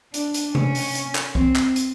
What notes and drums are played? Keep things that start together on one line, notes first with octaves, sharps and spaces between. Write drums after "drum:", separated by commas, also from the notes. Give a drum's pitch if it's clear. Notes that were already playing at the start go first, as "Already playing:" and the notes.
D4, drum: hi-hat
drum: hi-hat
C#4, drum: tom C3
drum: open hi-hat
drum: hi-hat
drum: clap
C4, drum: kick C2
drum: clap
drum: hi-hat